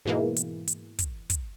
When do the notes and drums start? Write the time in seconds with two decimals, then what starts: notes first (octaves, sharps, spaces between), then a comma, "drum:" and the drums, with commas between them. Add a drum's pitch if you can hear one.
0.05 G#2 B2 E3 G#3 A#3
0.36 drum: hi-hat
0.68 drum: hi-hat
0.99 drum: kick, hi-hat
1.30 drum: kick, hi-hat